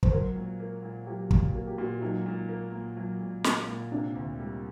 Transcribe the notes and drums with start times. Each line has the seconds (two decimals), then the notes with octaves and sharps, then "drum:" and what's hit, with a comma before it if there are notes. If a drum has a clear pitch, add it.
0.03 C5, drum: kick
0.12 F#3 A#4
0.35 A#2
0.59 A#3
0.83 A#2
1.07 F#3 G4
1.31 A#2, drum: kick
1.54 A#3 F#4
1.67 G4
1.78 A#2 F#4
2.02 F#3 D#4
2.26 A#2
2.49 A#3
2.73 A#2
2.96 F#3
3.21 A#2
3.44 A#3, drum: snare
3.67 A#2
3.92 C3 D4
4.15 D2
4.40 G3